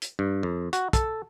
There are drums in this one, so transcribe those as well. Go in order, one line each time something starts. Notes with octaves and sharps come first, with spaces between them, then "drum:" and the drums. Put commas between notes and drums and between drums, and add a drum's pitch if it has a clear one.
drum: hi-hat
G2
F2
F#4, drum: hi-hat
A4, drum: kick, hi-hat